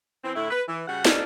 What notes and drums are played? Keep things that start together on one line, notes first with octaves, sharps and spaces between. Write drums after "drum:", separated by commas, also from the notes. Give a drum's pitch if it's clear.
E3 C4
A2 D3 A3 E4
B4
E3
C#3 G3 F#4 F#5
A#3 C#4 D4 A4 D5 D#5, drum: snare